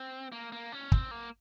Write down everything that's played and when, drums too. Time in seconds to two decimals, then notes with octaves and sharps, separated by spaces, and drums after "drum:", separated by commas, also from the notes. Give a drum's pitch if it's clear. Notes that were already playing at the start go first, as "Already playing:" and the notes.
Already playing: C4
0.32 A#3
0.52 A#3
0.72 C#4
0.92 C4, drum: kick
1.11 A#3